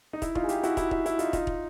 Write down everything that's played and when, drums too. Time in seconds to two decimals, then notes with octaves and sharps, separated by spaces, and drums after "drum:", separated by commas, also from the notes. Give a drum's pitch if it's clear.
0.13 D#4
0.22 E4, drum: kick, hi-hat
0.35 D#4 F4, drum: kick
0.44 G#4
0.49 F4 G4, drum: hi-hat
0.63 E4 F#4, drum: hi-hat
0.77 E4 F#4, drum: kick, hi-hat
0.91 E4, drum: kick
1.06 E4, drum: hi-hat
1.19 D#4 F4, drum: hi-hat
1.33 D#4 F4, drum: kick, hi-hat
1.47 drum: kick